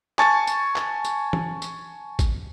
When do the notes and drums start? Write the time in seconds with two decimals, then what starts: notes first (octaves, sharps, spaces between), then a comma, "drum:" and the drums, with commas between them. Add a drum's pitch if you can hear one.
0.19 G#5 A5 C#6 A6, drum: clap
0.47 drum: tambourine
0.76 drum: clap
1.05 drum: tambourine
1.33 drum: tom
1.62 drum: tambourine
2.19 drum: kick, tambourine